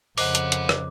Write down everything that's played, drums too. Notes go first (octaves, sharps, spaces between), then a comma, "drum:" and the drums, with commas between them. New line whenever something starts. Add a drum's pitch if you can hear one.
F2 C#3 A#4 C5 D#5 F#5 D6 F#6, drum: open hi-hat
drum: hi-hat
drum: hi-hat
drum: rim click